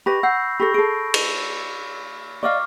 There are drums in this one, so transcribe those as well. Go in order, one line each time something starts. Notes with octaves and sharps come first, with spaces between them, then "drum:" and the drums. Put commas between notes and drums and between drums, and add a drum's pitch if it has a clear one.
G4 B4 D#5 B5 C#6 A#6
F#5 E6 G6 C7
G4 A4 B5 C#6 A#6
G#4 A4 D7
drum: cymbal
D5 D#5 F5 C#6 D6 F6